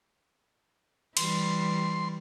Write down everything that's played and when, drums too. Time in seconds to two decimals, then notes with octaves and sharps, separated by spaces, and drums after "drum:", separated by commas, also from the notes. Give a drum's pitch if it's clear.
1.17 E3 G3 C6, drum: cymbal